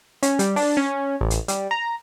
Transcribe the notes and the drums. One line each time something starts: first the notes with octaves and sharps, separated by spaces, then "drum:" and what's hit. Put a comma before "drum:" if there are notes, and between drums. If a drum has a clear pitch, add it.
C#4, drum: hi-hat
G3, drum: hi-hat
D4, drum: open hi-hat
C#4
A1
drum: hi-hat
G3, drum: hi-hat
A#5